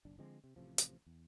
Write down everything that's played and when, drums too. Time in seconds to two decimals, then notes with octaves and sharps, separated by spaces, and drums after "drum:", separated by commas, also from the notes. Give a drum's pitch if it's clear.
0.05 F#1 B1 D4
0.18 D3 F3 G#3 C4
0.44 C3
0.56 A1 C3 F3
0.78 drum: hi-hat
1.06 E2